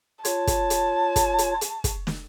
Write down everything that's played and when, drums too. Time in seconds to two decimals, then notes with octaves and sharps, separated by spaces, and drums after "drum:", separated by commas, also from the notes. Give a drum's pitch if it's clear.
0.25 F4 C#5 A5, drum: hi-hat
0.47 drum: kick, hi-hat
0.70 drum: hi-hat
1.16 drum: kick, hi-hat
1.38 drum: hi-hat
1.61 drum: hi-hat
1.84 drum: kick, hi-hat
2.07 drum: snare